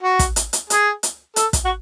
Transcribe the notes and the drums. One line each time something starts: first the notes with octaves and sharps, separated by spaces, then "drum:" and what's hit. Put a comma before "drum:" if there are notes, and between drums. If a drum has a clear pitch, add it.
F#4
drum: kick, hi-hat
drum: hi-hat
drum: hi-hat
G#4, drum: hi-hat
drum: hi-hat
A4, drum: hi-hat
drum: kick, hi-hat
F#4